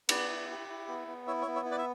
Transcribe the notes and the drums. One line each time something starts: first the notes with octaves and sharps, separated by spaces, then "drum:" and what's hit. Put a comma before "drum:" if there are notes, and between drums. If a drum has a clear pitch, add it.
B3 B4 D5, drum: cymbal
E4
G4
E4
B3
B3
E4 C#5 E5
C#5 E5
B3
C#5 E5
E4
B4 D5
E5